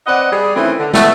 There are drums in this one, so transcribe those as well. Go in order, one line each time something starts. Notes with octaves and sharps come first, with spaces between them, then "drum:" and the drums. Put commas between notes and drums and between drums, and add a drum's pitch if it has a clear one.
C4 B4 D5 D#5 F#5
G3 G#4
D#3 E3 A3 C4 C#4 E4
D3
A3 B3, drum: snare